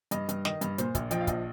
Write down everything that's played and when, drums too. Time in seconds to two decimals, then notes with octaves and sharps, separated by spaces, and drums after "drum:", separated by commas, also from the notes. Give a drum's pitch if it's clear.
0.11 G2 D#5, drum: hi-hat
0.29 G2, drum: hi-hat
0.45 D#3 D#5, drum: snare
0.61 G2, drum: hi-hat
0.78 A#2 C5, drum: hi-hat
0.95 A#1, drum: kick, hi-hat
1.11 F3 D#5 G5, drum: hi-hat
1.21 F5
1.27 A#1 D#5, drum: kick, hi-hat